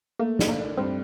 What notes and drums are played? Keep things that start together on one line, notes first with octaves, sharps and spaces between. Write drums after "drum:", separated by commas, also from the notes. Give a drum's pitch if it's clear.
A3 A#3
D4, drum: snare
A#3
D4
G2 C4